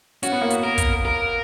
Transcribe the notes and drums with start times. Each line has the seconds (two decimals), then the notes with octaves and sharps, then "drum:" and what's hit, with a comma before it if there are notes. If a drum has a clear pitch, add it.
0.23 C#4 F#4, drum: hi-hat
0.32 B3
0.42 A#3
0.50 B3, drum: hi-hat
0.64 A#4
0.78 drum: kick, hi-hat
1.05 A#4